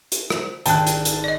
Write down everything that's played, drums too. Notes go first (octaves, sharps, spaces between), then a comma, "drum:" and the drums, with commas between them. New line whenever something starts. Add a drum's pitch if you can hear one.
drum: hi-hat
drum: rim click
G#1 D4 G5 A5 F#6, drum: hi-hat
drum: hi-hat
drum: hi-hat
D5 D#5